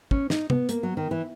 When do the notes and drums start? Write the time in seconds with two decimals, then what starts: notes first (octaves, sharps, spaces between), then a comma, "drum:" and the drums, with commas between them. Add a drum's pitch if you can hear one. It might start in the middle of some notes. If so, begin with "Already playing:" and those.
0.11 C#4, drum: kick
0.30 D#4, drum: snare
0.50 B3, drum: tom
0.69 A#3, drum: hi-hat
0.83 F#3
0.97 D#3
1.11 E3